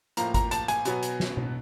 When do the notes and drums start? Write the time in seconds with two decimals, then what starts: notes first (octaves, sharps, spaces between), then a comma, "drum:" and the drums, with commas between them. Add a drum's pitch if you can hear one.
0.17 A2 F3 A#3 A#5, drum: hi-hat
0.34 A#5, drum: kick G#1, hi-hat
0.51 A5, drum: hi-hat
0.68 G#5, drum: hi-hat
0.85 B2 F#3 B3, drum: hi-hat
1.03 drum: hi-hat
1.20 drum: snare
1.37 drum: tom B2